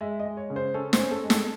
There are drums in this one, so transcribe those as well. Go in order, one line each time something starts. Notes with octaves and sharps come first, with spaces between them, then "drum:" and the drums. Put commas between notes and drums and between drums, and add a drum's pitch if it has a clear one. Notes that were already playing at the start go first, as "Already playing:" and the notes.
G#3 E5
D#5
G#3
C#5
C#3
C5
C#4 A4
C5, drum: snare
C#4
A4
G#3
A4, drum: snare